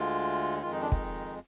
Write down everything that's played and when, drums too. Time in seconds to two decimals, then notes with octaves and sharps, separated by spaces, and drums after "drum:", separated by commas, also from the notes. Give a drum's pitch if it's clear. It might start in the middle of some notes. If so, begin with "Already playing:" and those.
Already playing: D2 D3 G#3 F4
0.62 F2 D#3 G#3 F4
0.72 D#4
0.81 D4
0.92 D#4, drum: kick